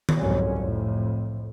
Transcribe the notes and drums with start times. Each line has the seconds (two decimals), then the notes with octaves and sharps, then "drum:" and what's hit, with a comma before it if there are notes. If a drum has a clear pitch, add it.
0.09 drum: tom D#3
0.19 C2 F2 G#2 D3 F#3 C#4
0.59 F2 A2